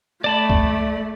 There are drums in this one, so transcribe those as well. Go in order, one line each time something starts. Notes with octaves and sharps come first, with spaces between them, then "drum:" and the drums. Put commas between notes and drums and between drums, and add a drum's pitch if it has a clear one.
A3 D5 A5 B5
drum: kick C#2